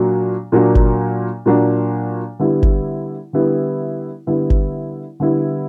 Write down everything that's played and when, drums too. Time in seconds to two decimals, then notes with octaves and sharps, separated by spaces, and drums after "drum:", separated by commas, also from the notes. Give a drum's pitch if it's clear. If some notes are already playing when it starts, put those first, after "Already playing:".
Already playing: A#2 F#3 A#3 D4 F#4
0.52 A#2 F#3 A#3 D4 F#4
0.75 drum: kick G1
1.46 A#2 F#3 A#3 D4 F#4
2.39 D3 G3 B3 E4
2.63 drum: kick G1
3.33 D3 G3 B3 E4
4.26 D3 G3 B3 E4
4.50 drum: kick G1
5.20 D3 G3 B3 E4